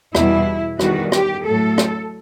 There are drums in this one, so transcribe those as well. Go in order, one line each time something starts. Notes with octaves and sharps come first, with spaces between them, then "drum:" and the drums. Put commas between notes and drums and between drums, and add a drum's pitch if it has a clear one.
E2 B2 G3 E4, drum: rim click
E2 D#3 G3 F#4, drum: rim click
G4, drum: rim click
A2 F#3 A3 A4
drum: rim click